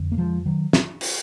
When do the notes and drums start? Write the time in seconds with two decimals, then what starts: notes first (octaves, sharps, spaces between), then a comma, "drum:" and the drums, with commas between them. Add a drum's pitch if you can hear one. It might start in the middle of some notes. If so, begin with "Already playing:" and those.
Already playing: F2 D3
0.12 A#3
0.18 F3 G#3
0.46 D#3 F#3
0.73 drum: snare
1.01 drum: open hi-hat